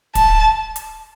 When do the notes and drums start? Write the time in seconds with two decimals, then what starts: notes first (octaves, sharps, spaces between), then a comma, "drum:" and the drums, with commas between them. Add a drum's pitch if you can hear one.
0.15 A5, drum: kick, hi-hat
0.76 drum: hi-hat